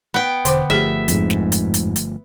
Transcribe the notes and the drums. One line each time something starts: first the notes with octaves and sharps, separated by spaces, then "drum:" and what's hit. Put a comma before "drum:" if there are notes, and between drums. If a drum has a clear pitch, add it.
B3 G5
E1 D3 C5 D6, drum: hi-hat
G1 F3 A3 G4 G#4 E5
F2 G#2, drum: hi-hat
drum: snare
drum: hi-hat
drum: hi-hat
drum: hi-hat